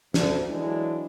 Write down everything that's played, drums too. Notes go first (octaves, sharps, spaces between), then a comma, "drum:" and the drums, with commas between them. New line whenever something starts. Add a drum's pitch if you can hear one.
D2, drum: snare
E3 F#3 G#3 D4 E4